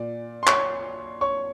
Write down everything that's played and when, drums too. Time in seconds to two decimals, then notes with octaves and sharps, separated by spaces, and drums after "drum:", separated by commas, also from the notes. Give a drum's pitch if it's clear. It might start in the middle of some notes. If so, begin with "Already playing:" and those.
Already playing: A#2 D5
0.43 C6
0.47 C#5 C#6, drum: clap
1.21 C#5 C#6